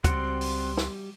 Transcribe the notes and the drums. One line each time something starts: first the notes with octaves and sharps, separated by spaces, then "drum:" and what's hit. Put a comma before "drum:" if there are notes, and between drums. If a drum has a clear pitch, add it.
C#2 G3 C4 F#4 F#5 C6, drum: kick, hi-hat
drum: open hi-hat
drum: snare